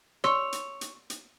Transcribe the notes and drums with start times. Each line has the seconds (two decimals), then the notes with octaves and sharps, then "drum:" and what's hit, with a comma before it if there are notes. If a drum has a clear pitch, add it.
0.24 C#5 C6 E6, drum: rim click
0.52 drum: hi-hat
0.81 drum: hi-hat
1.10 drum: hi-hat